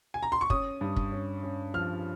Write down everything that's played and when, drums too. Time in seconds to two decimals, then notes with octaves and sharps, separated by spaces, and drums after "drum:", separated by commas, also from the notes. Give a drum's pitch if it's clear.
0.14 G#5
0.23 A#5
0.32 C6
0.41 C#6
0.50 C#4 D#6, drum: kick F#1
0.81 G2
0.96 drum: kick F#1
1.12 C#4
1.43 C#4
1.74 F3 F6